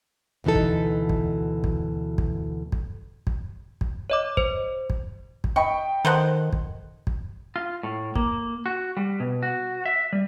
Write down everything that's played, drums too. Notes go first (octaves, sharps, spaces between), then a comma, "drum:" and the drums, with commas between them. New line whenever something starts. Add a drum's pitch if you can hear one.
D2 B2 E3 D#4 A4
drum: kick
drum: kick
drum: kick
drum: kick
drum: kick
drum: kick
drum: kick
C#5 D#5 D6
C5, drum: kick
drum: kick
drum: kick
D#5 G5 B5 C#6
D#3 A4 C5 F#5
drum: kick
drum: kick
F4
A2
A#3, drum: kick
F#4
G3
B2
F#4
E5
G3